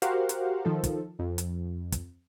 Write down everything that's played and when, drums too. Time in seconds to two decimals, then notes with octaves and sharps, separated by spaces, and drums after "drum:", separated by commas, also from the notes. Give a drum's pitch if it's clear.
0.02 F#4 G4 A#4 C5 F5 F#5, drum: hi-hat
0.29 drum: hi-hat
0.65 D#3 F3 A4
0.84 drum: kick, hi-hat
1.19 F2
1.38 drum: hi-hat
1.92 drum: kick, hi-hat